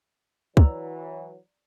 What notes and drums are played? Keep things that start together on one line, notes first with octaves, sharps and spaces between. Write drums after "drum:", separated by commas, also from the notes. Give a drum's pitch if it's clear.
E3 F#3 D5 A#5 E6, drum: kick